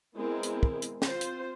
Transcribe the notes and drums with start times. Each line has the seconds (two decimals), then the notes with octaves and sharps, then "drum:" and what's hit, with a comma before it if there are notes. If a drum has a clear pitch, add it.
0.17 G#3 B3 C4 E4 A#4
0.43 drum: hi-hat
0.63 drum: kick
0.82 drum: hi-hat
1.02 C4 F4 C5, drum: snare
1.21 drum: hi-hat